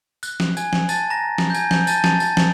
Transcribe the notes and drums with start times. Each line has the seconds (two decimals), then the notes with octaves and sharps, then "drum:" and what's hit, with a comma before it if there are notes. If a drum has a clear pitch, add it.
0.23 F#6, drum: tambourine
0.40 drum: snare
0.57 G#5 G#6, drum: tambourine
0.73 drum: snare
0.89 A5 A6, drum: tambourine
1.10 A#5 A#6
1.38 drum: snare
1.50 G6
1.54 G#5 G#6, drum: tambourine
1.71 G6, drum: snare
1.87 A5 A6, drum: tambourine
2.04 A5 A6, drum: snare
2.20 A5 A6, drum: tambourine
2.37 drum: snare